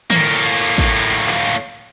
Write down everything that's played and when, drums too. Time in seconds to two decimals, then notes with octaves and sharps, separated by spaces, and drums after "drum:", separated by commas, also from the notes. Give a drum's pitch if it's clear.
0.10 A2 A#3, drum: tom
0.78 drum: kick
1.28 drum: clap